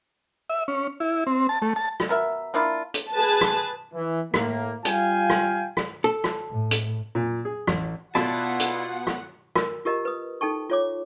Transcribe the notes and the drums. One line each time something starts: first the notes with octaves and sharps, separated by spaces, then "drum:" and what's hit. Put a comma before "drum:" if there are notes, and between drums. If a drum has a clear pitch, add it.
E5
C#4
E4
C4
A5
A3
A5
drum: rim click
B2 A#4 E5
A#3 D4 E4 F4
drum: hi-hat
G#4 B4 A5
drum: rim click
E3
A2 A#3, drum: rim click
G3 F4 F5 G5 G#5, drum: hi-hat
drum: rim click
drum: rim click
A4
drum: rim click
A2
drum: hi-hat
A#2
G#4
A1, drum: rim click
B2 B3 E4 F4 D5 F#5 A5, drum: rim click
drum: hi-hat
drum: rim click
A#4, drum: rim click
F4 G4 A#4 D#5 A#5
B4 D#6
D#4 A4 G5 A5 C#6
F4 C#5 D6